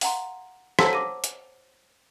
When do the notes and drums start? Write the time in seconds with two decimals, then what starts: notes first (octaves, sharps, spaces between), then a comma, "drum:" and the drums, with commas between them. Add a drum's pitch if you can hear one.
0.01 F5 F#5 A#5 C6, drum: open hi-hat
0.79 C5 C#5 F#5 A5 A#5 E6, drum: rim click
0.93 D6 A#6 D#7
1.24 drum: hi-hat